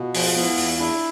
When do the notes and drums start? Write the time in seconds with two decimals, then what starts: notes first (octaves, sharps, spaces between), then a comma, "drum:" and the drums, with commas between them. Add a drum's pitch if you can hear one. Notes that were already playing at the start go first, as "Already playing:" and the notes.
Already playing: B2 F4
0.14 F3 G#4, drum: open hi-hat
0.26 F4
0.36 B3 E4
0.51 F4
0.57 E2, drum: open hi-hat
0.79 D4 E4